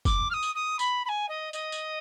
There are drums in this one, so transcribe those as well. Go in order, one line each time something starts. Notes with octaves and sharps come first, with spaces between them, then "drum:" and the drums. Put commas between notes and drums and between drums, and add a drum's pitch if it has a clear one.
D6, drum: kick F#1, tambourine
F6
D#6
drum: tambourine
D#6
B5, drum: tambourine
B5
G#5
D#5
D#5, drum: tambourine
drum: tambourine